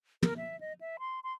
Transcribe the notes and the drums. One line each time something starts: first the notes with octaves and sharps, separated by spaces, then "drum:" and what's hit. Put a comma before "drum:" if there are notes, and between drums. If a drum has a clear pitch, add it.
A#4, drum: tom
E5
D#5
E5
C6
C6